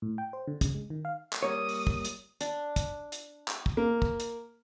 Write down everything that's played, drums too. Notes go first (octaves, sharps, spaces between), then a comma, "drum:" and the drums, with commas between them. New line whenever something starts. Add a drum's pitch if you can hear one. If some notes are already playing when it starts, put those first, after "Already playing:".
A2
G5
C5
D3
C#3, drum: kick, hi-hat
G#3
D#3
F5
drum: clap
G3 A#3 C#5 D#6
drum: open hi-hat
drum: kick
drum: hi-hat
D4, drum: hi-hat
drum: kick, hi-hat
drum: hi-hat
drum: clap
drum: kick
A#3
drum: kick
drum: hi-hat